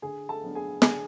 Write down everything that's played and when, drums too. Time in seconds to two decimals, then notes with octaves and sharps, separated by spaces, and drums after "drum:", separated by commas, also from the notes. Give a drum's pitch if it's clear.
0.02 D3 G#4 G#5
0.29 A4 A5
0.43 F#3 B3 D4
0.55 G#4 G#5
0.82 D3 G#4 G#5, drum: snare